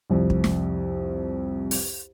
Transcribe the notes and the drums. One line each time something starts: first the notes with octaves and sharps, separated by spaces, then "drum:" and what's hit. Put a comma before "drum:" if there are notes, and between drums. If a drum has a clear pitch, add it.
C2 F2
drum: kick
drum: snare
drum: open hi-hat